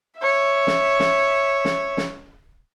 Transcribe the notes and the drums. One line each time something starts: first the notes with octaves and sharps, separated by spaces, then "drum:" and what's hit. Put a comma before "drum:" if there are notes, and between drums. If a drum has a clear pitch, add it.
C#5 E5
drum: snare
drum: snare
drum: snare
drum: snare